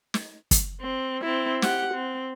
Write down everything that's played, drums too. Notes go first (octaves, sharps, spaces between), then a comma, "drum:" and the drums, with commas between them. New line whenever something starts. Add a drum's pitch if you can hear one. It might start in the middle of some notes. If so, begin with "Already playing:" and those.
drum: snare
drum: kick, hi-hat
C4
C4 E4
G4 F#5, drum: snare
C4